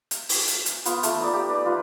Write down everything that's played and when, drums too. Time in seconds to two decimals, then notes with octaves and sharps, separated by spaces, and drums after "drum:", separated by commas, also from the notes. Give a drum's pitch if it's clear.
0.11 drum: hi-hat
0.29 drum: open hi-hat
0.47 drum: hi-hat
0.66 drum: hi-hat
0.85 B3 F4, drum: hi-hat
1.03 A3 B5 E6, drum: hi-hat
1.20 D#4 D5
1.33 G4
1.48 B4 D5
1.66 F4 B4